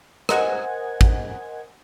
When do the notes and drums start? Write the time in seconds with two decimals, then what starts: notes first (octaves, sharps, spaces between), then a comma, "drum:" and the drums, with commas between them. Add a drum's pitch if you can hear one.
0.29 A#4 C5 D#5 F#5 G#5 G#6, drum: rim click
1.01 drum: kick